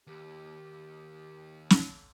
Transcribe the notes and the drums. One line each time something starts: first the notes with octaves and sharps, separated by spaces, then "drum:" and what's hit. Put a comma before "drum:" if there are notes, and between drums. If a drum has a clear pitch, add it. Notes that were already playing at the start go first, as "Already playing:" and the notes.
D#2 G4
drum: snare